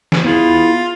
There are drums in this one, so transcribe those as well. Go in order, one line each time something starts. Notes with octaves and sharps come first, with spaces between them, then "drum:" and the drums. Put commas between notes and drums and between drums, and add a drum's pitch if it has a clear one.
drum: snare
B3 E4 F4 G#4